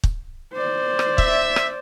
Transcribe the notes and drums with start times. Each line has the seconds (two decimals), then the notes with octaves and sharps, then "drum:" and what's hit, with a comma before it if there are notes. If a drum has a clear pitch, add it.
0.04 drum: kick
0.54 C5 D5
0.99 drum: rim click
1.18 E5, drum: kick
1.56 drum: rim click